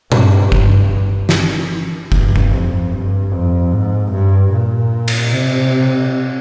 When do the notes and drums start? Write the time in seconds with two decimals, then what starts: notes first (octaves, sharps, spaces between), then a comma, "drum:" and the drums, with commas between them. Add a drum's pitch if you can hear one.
0.12 G2, drum: tom A#2
0.52 G2, drum: kick F#1
1.29 drum: snare
2.12 G2, drum: kick F#1
2.36 drum: kick F#1
2.51 F2
2.92 G2
3.32 F2
3.71 G#2
4.12 G2
4.52 A#2
5.08 drum: cymbal
5.31 C3